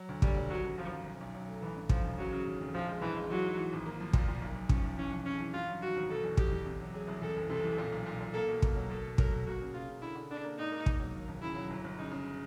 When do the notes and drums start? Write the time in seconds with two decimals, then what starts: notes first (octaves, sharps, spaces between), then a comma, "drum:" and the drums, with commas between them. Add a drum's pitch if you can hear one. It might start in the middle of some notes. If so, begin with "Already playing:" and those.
Already playing: F#3
0.09 D2
0.22 D2 G3, drum: kick
0.36 F#3
0.50 G#1 F#3
0.65 F#2
0.77 G#1 F3
0.92 F#2
1.05 B1
1.21 B1
1.35 F#3
1.48 A3
1.62 A1 E3
1.76 G2
1.89 F3 F#3, drum: kick
2.03 A1
2.18 C#3 F#3
2.32 C#3
2.47 D#2
2.61 F1
2.74 A#1 F3
2.88 G#3
3.01 A#1 E3
3.17 G#3
3.30 E3 F#3
3.43 G#2
3.58 E3
3.73 G#1
3.86 A#3
4.00 F3
4.13 A#2, drum: kick
4.28 A#2
4.41 B1
4.55 B1
4.69 F3 C#4, drum: kick
4.84 B1
4.97 E3 C#4
5.12 F2
5.26 C#3 C#4
5.40 E3
5.53 G2 F4
5.67 F#3
5.82 D#3 F#4
5.96 G#1
6.10 B2 A4
6.23 E2
6.37 E2 G4, drum: kick
6.52 E2
6.66 C3
6.80 F#3
6.94 F#3 G#4
7.08 C2
7.22 E2 A4
7.36 F#1
7.50 C3 A4
7.63 E3
7.78 A#2
7.92 B1
8.06 A#2
8.21 A#2
8.33 A#3 A4
8.48 B2
8.62 A#3, drum: kick
8.75 F#3
8.90 B2 A4
9.04 A3
9.18 F#3 A#4, drum: kick
9.32 A3
9.46 A#3 F#4
9.61 C#3
9.74 C#3 F4
9.88 C#3
10.02 D3 E4
10.15 D3
10.31 D3 D4
10.44 A#3
10.59 G#2 D#4
10.72 A#3
10.86 A#3, drum: kick
10.99 F#3
11.15 D#2
11.28 E1
11.42 C#3 E4
11.56 F#3
11.70 G1
11.84 G1
11.98 C#3 D#4
12.11 C#3